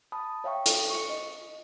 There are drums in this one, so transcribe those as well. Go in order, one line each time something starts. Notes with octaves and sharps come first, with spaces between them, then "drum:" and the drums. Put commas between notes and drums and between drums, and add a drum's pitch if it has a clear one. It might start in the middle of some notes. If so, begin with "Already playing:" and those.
A5 B5 D#6
C#5 E5 F5 G5 C#6
A4, drum: hi-hat
C#6 C#7
D#5